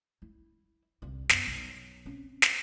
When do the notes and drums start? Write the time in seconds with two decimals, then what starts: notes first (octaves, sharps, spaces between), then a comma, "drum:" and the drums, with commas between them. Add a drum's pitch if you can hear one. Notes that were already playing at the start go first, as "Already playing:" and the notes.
0.22 E4
1.02 C2 D3
1.30 F#2 B3, drum: snare
1.47 B1
2.06 C4 C#4
2.42 drum: snare